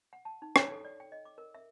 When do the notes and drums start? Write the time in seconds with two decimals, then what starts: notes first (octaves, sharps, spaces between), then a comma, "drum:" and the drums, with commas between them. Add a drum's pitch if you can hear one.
0.13 F#5
0.25 A5
0.42 D#4
0.56 C#5, drum: rim click
0.72 A4
0.85 D5
1.00 G5
1.12 D#5
1.25 D6
1.38 A#4
1.55 E5